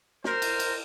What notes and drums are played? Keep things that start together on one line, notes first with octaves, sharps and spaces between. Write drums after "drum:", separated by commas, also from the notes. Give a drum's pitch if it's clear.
A#4 C5, drum: snare
drum: cymbal
drum: cymbal